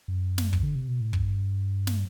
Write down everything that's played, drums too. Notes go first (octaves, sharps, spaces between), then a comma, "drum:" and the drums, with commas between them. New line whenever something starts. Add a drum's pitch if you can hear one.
F#2
drum: snare
drum: kick
D3
C3
B2
A2
G2, drum: kick
drum: snare